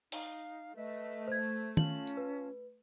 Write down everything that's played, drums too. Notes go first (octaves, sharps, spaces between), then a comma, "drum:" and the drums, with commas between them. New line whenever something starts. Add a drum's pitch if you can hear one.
D#4 F5, drum: open hi-hat
A3 B4 D#5 E5
C5 G#6
C#4 F4 A5 F#7, drum: tom D#3
drum: tambourine
B4